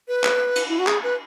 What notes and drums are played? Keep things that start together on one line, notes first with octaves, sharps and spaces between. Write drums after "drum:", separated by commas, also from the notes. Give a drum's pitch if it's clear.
B4
drum: clap
drum: cymbal
E4
F#4
G#4, drum: clap
B4